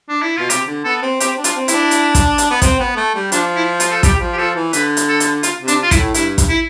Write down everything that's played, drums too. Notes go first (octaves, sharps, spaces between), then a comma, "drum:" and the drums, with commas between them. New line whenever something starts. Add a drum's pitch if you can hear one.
D4
E4
B2 F4
C3 G4, drum: hi-hat
D3
B3 A4
C4
C4 G4, drum: hi-hat
D4
F4, drum: hi-hat
C4
D4 E4, drum: hi-hat
drum: hi-hat
drum: kick, hi-hat
drum: hi-hat
B3
C4, drum: kick, hi-hat
B3
A3
G3
F3 D4, drum: hi-hat
E4
F4, drum: hi-hat
A4
G3 G4, drum: kick, hi-hat
G3
F3
G4
F3 A4
E3
D3 B4, drum: hi-hat
drum: hi-hat
A4
drum: hi-hat
F4, drum: hi-hat
C3
D4, drum: hi-hat
F4
E4, drum: kick, hi-hat
A2
G2 E4, drum: hi-hat
drum: kick, hi-hat
E4